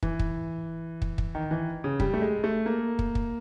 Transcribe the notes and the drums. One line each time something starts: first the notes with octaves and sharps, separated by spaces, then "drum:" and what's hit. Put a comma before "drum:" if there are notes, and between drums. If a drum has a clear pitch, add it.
E3, drum: kick
drum: kick
drum: kick
drum: kick
D#3
E3
C#3
G3, drum: kick
A3
G#3
A3
A#3
drum: kick
drum: kick